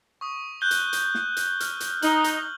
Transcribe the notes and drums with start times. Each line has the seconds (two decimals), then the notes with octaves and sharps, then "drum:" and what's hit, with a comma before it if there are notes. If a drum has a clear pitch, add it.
0.21 C#6 D#6
0.61 F#6 G6 G7
0.71 drum: hi-hat
0.93 drum: hi-hat
1.15 drum: snare
1.37 drum: hi-hat
1.60 F6, drum: hi-hat
1.80 drum: hi-hat
2.02 D#4 F#7 G7, drum: hi-hat
2.24 drum: hi-hat